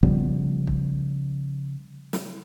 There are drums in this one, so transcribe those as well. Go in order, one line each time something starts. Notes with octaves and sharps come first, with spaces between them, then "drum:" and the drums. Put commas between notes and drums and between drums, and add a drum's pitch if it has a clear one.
C#3 F3 G3 B3, drum: kick
drum: kick
drum: snare